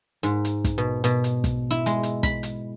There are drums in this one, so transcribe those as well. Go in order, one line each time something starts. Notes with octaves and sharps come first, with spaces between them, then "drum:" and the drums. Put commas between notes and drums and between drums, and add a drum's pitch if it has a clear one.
G#2, drum: hi-hat
drum: hi-hat
drum: kick, hi-hat
B2
B2, drum: hi-hat
drum: hi-hat
drum: kick, hi-hat
E4
G#3, drum: hi-hat
drum: hi-hat
B5, drum: kick, hi-hat
drum: hi-hat